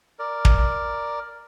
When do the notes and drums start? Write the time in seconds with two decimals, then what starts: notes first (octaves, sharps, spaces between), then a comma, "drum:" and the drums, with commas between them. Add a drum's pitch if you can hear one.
0.19 A#4 D5
0.45 drum: kick